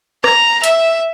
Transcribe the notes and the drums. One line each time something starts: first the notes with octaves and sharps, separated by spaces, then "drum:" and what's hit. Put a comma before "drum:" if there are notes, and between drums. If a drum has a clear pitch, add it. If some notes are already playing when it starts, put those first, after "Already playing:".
A#5, drum: rim click
E5, drum: hi-hat